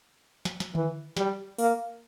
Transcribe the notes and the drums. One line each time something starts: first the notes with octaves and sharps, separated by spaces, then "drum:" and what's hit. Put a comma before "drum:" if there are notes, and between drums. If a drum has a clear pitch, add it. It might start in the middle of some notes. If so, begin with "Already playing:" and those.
drum: snare
drum: snare
E3, drum: tom D3
G3, drum: snare
A#3, drum: open hi-hat